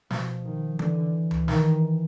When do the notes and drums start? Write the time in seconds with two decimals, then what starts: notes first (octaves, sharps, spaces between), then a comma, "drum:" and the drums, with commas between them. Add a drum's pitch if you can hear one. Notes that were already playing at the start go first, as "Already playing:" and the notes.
0.10 B2 F3, drum: snare
0.45 D#3
0.79 D3 E3, drum: tom D3
1.31 drum: tom C#2
1.48 D#3, drum: snare